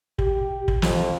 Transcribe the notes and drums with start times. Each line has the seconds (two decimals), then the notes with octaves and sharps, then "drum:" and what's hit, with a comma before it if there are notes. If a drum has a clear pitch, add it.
0.19 G4, drum: kick
0.68 drum: kick
0.82 F2, drum: snare